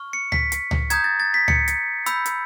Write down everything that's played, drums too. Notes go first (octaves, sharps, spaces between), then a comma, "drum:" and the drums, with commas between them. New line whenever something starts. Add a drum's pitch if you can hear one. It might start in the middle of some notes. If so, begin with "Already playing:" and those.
Already playing: C#6 F6
C#7
B6, drum: tom C#2
drum: hi-hat
drum: tom C#2
A#5 D#6 G6 G#6, drum: hi-hat
A6
A6
B6
C#7, drum: tom C#2
drum: hi-hat
B5 E6 G6, drum: hi-hat
drum: hi-hat